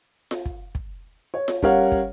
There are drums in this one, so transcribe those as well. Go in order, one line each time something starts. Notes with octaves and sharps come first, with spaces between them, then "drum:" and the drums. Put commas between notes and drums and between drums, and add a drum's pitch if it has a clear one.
drum: snare F4
drum: kick
drum: kick
C#5
drum: snare F4
G3 C#4 A#4 C#5 F5 F#5, drum: kick
drum: kick